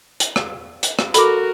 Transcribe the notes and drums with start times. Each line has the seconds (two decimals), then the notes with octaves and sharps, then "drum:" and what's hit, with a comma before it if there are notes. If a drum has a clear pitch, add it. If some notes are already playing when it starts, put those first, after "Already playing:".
0.20 drum: hi-hat
0.36 drum: rim click
0.83 drum: hi-hat
0.99 drum: rim click
1.14 F#4 A4 A#4 B5 D6, drum: hi-hat